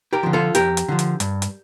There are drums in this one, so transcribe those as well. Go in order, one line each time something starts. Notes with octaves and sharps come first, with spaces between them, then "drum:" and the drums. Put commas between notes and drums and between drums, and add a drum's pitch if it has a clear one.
G4 A#4
D3 F3
F4 A4
F2 G4 A#4, drum: hi-hat
drum: hi-hat
D3 F3
drum: hi-hat
G2, drum: hi-hat
drum: hi-hat